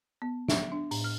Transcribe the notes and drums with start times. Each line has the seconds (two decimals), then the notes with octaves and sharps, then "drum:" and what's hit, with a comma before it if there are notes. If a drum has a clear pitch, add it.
0.22 B3
0.48 E5, drum: snare
0.72 D4
0.91 A2, drum: open hi-hat
1.04 F6